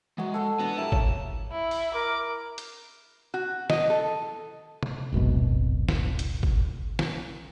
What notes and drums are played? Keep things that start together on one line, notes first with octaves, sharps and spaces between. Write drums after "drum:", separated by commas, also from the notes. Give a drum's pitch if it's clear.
E3 F#3 G#3 F#4
A4 C#5 F#5
E3 B3 D4 F#4
F#2 E4 G4 A#4 A5
C#3, drum: kick
E4
drum: open hi-hat
A#4 D6
drum: hi-hat
F#4
D#5, drum: snare
A4
drum: tom C3
D1 G#1 F#2 B2
drum: snare
drum: hi-hat
drum: kick
drum: snare